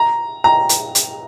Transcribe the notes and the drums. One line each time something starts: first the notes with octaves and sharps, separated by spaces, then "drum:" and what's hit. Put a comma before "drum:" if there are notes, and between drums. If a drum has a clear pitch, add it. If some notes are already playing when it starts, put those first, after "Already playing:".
Already playing: A#5
A#5
drum: hi-hat
drum: hi-hat